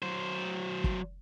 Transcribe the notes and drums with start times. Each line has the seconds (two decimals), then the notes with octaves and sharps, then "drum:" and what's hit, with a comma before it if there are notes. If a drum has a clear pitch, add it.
0.03 F#3 C5
0.84 drum: kick